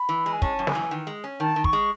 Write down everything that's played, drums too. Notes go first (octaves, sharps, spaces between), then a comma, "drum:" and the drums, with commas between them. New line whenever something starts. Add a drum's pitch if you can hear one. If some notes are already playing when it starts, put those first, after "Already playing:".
Already playing: B5
E3
G#3
G#5
C#4 A5, drum: kick
F#2
G#5, drum: snare
E3
D#3
G#3
C#4
D#3 A5
D#3
C#6, drum: kick
G#3